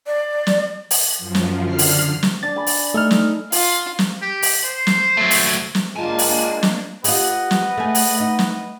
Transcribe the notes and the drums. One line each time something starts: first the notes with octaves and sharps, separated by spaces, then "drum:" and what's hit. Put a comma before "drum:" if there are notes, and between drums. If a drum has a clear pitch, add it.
D5
drum: snare
drum: open hi-hat
F#2 F3
drum: snare
D3 F6 C7
drum: open hi-hat
drum: snare
D4 A6
G#5 B5
drum: open hi-hat
A3 D#4 A4 F6
drum: snare
F4, drum: open hi-hat
drum: snare
G4
drum: open hi-hat
C5
drum: snare
F#3 A3
drum: open hi-hat
drum: snare
G#3 A#3 D4 F4 G#5 A5
drum: open hi-hat
drum: snare
F4 G4 B4 D#5 F#5, drum: open hi-hat
drum: snare
A3 G#4
drum: open hi-hat
D#4
drum: snare